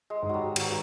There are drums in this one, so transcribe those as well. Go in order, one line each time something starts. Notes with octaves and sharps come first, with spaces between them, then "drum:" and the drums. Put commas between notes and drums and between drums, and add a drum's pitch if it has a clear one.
G#3
G#2
F#3 G3
D#3 F#3, drum: cymbal